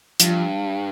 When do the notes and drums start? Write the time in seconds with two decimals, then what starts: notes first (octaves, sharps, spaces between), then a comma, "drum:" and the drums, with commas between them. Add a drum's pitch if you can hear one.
0.20 G2 F3, drum: hi-hat